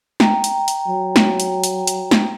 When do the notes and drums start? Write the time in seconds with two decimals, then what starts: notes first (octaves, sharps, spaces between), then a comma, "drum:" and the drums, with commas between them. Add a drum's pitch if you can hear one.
0.20 G5 A#5, drum: snare
0.44 drum: hi-hat
0.68 drum: hi-hat
0.88 F#3
1.16 drum: snare
1.40 drum: hi-hat
1.64 drum: hi-hat
1.87 drum: hi-hat
2.11 drum: snare